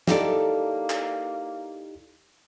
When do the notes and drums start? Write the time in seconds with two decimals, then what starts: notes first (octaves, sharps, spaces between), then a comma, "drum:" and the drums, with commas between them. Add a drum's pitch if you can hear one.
0.07 A#3 D#4 E4 G4 A4 D5, drum: snare
0.90 drum: clap